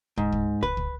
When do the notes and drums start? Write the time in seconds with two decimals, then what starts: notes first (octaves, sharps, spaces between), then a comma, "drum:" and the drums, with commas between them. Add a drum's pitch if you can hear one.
0.18 G#2, drum: kick
0.32 drum: kick
0.63 B4, drum: kick
0.77 drum: kick